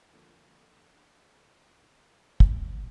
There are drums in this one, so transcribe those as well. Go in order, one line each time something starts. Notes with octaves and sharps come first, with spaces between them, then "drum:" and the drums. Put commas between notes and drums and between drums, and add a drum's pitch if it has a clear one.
F2 D3 F3 A#3
drum: kick